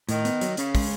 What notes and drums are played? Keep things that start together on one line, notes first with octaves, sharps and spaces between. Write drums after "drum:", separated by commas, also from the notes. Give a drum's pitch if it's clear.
A2 D#3, drum: hi-hat
B3, drum: hi-hat
F#3, drum: hi-hat
C#3 C#4, drum: hi-hat
G#3, drum: kick, open hi-hat